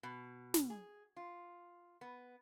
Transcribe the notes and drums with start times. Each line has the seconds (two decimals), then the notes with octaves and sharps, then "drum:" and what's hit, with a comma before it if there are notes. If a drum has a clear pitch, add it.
0.03 B2
0.54 drum: snare
0.70 G#4
1.16 F4
2.01 B3